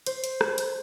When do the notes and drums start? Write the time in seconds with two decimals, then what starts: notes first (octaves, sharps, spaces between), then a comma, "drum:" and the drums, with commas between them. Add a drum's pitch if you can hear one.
0.06 C5, drum: hi-hat
0.24 drum: hi-hat
0.41 drum: rim click
0.58 drum: hi-hat